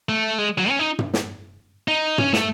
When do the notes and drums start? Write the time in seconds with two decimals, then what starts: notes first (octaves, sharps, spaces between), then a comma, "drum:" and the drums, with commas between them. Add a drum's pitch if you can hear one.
0.09 A3
0.38 G#3
0.58 F#3
0.69 C#4
0.79 D#4
0.99 drum: tom
1.14 drum: snare
1.88 D#4
2.18 C#4, drum: tom
2.33 A3, drum: snare